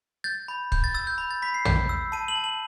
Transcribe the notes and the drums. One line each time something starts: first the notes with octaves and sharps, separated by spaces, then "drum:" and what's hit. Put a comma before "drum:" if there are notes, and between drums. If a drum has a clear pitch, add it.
G6 A6
B5
G6, drum: kick
A6
E6 A6
G6
B5
A6
B5 B6
C7
G6, drum: tom
E6
A5 D#7
F#7
A5
F#7